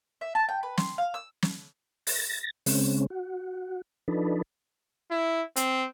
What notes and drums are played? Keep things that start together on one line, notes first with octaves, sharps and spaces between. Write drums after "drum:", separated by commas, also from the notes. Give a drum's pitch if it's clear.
E5
A5
G5
B4
C6, drum: snare
F5
E6
drum: snare
A6 A#6, drum: open hi-hat
C#3 G#3 C4 C#4, drum: open hi-hat
F#4
F3 D4 D#4 A4 B4
E4
C4, drum: hi-hat